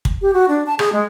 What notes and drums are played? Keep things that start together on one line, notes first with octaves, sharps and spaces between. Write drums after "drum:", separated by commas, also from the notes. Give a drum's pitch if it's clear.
drum: kick
G4
F#4
D4
A5
G#4, drum: rim click
G#3